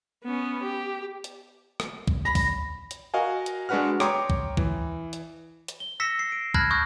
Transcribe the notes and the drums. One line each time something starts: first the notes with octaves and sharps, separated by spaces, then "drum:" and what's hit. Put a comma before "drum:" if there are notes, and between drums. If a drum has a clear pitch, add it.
B3 C#4
G4
drum: hi-hat
drum: rim click
drum: kick
B5 A#6
drum: kick, open hi-hat
drum: hi-hat
F#4 A#4 D#5 F5 G#5
drum: hi-hat
G#3 D4 F#4 B4 F#5 F6
C#5 G5 A#5 C6 D6 D#6, drum: rim click
drum: kick
E3, drum: kick
drum: hi-hat
drum: hi-hat
G7
E6 A#6 B6 C#7 E7
C7
D7
A5 B5 F6 F#6 G#6 A#6, drum: kick
C#6 D#6 F#6 G6 A#6